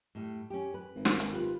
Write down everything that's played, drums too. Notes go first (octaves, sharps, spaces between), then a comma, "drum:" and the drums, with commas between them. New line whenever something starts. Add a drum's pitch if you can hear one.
A2 G3
C#4 G4
B4
G#1
drum: snare
drum: hi-hat
F4 G4 B4